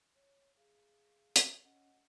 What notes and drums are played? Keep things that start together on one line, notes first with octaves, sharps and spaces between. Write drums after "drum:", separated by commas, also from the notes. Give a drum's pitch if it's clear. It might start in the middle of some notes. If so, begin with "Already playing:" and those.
C#5
G#4 F5
drum: hi-hat
C#4 D#5 F#5